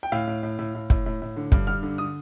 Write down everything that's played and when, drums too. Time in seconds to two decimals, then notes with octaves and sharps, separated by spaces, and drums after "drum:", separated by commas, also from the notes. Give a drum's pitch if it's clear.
0.03 G5
0.12 A2 F5
0.27 A2
0.43 A2
0.59 A2
0.75 A2
0.90 A2, drum: kick
1.06 A2
1.22 A2
1.36 D3
1.52 G2, drum: kick
1.67 G2 F6
1.83 D3
1.98 D3 D#6